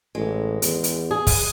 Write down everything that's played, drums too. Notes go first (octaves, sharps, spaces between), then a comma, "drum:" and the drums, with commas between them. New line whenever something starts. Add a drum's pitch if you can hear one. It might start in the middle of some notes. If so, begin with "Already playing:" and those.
A1 G#3
E2, drum: hi-hat
drum: hi-hat
G#4
drum: kick, open hi-hat